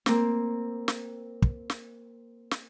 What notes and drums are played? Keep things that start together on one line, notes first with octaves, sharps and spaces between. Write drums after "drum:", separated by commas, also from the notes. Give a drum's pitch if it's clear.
A#3 C4, drum: snare
drum: snare
drum: kick
drum: snare
drum: snare